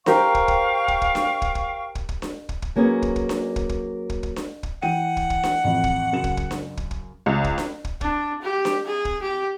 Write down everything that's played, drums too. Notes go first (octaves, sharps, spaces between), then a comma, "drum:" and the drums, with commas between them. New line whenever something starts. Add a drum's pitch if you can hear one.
G4 A#4 C5 F5 G5 C#6, drum: snare D4
drum: kick
drum: kick
drum: kick
drum: kick
drum: snare D4
drum: kick
drum: kick
drum: kick
drum: kick
drum: snare D4
drum: kick
drum: kick
F#3 A#3 C#4 G#4 B4
drum: kick
drum: kick
drum: snare D4
drum: kick
drum: kick
drum: kick
drum: kick
drum: snare D4
drum: kick
E3 F#5 G5 D#7
drum: kick
drum: kick
drum: snare D4
A1 F2
drum: kick
F#2 C#3 E7
drum: kick
drum: kick
drum: snare D4
drum: kick
drum: kick
C#2
drum: kick
drum: snare D4
drum: kick
D4, drum: kick
G4
drum: snare D4
G#4
drum: kick
G4